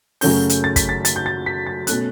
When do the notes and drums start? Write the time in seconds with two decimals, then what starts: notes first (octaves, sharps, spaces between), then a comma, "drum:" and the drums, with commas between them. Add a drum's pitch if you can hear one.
0.21 F#2 C#3 F#3 A3 C#4 G6, drum: open hi-hat
0.49 drum: hi-hat
0.64 A6
0.76 B6, drum: kick, hi-hat
0.89 A6
1.05 A6, drum: hi-hat
1.16 G6
1.26 A6
1.46 B6
1.67 A6
1.87 B2 A3 C#4 F#6, drum: hi-hat